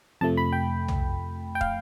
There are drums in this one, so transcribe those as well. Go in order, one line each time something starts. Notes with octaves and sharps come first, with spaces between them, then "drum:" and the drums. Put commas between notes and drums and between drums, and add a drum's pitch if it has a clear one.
F2 C3 F3 A3 A5
B5
G5
drum: tom B1
G5
F5, drum: kick